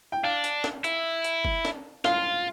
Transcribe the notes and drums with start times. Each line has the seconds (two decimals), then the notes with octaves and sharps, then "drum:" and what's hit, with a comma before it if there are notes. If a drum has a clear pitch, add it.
0.12 G5
0.23 D4 F5
0.44 drum: hi-hat
0.64 drum: snare
0.84 E4, drum: hi-hat
1.24 drum: hi-hat
1.45 drum: kick F#1
1.65 drum: snare
2.04 F4 F5, drum: snare